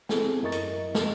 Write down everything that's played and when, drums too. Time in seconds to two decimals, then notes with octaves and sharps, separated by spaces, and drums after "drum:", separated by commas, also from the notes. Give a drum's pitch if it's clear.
0.09 B3 C4 E4 G#4 A4, drum: snare
0.43 F#2 E4 A#4 D#5 C#6 A6
0.52 drum: hi-hat
0.95 drum: snare